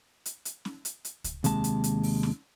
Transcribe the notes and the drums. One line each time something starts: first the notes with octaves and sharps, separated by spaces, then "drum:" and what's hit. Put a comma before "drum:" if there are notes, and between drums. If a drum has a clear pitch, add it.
drum: hi-hat
drum: hi-hat
drum: snare C#4
drum: hi-hat
drum: hi-hat
drum: kick C#2, hi-hat
D#2 C3 G#3 A5, drum: hi-hat
drum: hi-hat
drum: hi-hat
drum: open hi-hat
drum: snare C#4